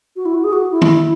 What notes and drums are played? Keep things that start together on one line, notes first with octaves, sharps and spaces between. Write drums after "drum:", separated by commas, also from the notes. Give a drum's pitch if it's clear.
F#4
E4
F#4
G#4
F#4
E4
drum: tom